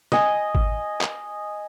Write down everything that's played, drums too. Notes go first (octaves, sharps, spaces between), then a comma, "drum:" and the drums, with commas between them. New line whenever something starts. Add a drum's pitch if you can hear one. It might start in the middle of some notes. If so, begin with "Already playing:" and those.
D#5 G#5, drum: snare
drum: kick G#1
drum: clap